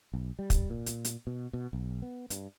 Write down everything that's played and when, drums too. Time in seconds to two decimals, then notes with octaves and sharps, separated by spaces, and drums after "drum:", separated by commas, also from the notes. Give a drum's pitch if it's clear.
0.14 B1
0.39 G3
0.50 drum: kick, hi-hat
0.70 A#2
0.86 drum: hi-hat
1.05 drum: hi-hat
1.27 B2
1.53 B2
1.73 B1
2.02 B3
2.30 G2, drum: hi-hat